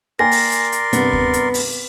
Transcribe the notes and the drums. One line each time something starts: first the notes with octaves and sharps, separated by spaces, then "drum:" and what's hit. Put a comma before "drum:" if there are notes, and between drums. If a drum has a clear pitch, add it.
A#3 A#4 D5 G5 G#5 C6 A#6
drum: open hi-hat
drum: hi-hat
drum: hi-hat
G2 C3 B3, drum: hi-hat
drum: kick D2
drum: hi-hat
drum: open hi-hat